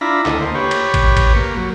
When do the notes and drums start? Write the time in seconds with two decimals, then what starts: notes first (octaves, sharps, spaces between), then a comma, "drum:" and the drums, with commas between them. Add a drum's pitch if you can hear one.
0.01 D4 E4 F4 A#5 B5
0.26 D2 A4 D#5, drum: clap
0.40 A#3 C5
0.55 G4 B4 C#5
0.71 drum: cymbal
0.94 drum: kick, cymbal
1.17 drum: kick, cymbal
1.36 A#3
1.57 F#3